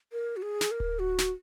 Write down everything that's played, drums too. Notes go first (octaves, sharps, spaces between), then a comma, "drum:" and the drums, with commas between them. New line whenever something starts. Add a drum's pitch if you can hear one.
A#4
F#4
G#4
drum: snare
A#4
drum: kick D1
F#4
drum: snare